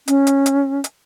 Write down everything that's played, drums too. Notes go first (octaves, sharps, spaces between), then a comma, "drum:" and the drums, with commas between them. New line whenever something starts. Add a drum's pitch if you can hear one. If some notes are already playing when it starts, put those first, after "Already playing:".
C#4, drum: hi-hat
drum: hi-hat
drum: hi-hat
drum: hi-hat